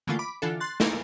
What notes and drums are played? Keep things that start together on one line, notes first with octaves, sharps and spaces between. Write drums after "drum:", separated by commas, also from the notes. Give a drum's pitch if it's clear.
D3 E3 A3 A#3 F4
B5 D6
D3 E3 D4 F4 A4
C6 F#6 A6
A3 A#3 D#4 E4 A4 A#4, drum: snare